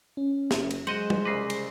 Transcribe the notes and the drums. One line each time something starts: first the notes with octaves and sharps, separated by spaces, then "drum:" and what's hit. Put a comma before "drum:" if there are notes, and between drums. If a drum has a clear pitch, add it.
C#4
F#1, drum: snare
drum: cymbal
F#3 G#3 F#4 C5 D#5 F#5
drum: tom
C2 C#3 B4 D6 A#6 C7
drum: cymbal